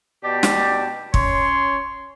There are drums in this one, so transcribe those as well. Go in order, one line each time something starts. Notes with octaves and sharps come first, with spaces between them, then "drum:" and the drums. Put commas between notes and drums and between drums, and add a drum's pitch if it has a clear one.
B2 G4 D5 G5 A5
drum: snare
C#4 C#5 C6, drum: kick